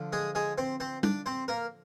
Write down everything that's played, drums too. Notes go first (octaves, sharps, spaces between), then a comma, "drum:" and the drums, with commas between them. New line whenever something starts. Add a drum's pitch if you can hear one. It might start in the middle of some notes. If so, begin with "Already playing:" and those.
Already playing: D3 F3
G#3 G#4
G#3 G#4
C4 C5
C4 C5
D4 D5, drum: tom
C4 C5
A#3 A#4